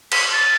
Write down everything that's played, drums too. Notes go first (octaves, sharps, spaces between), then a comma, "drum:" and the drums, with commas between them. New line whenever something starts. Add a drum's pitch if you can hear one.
B6, drum: cymbal
A6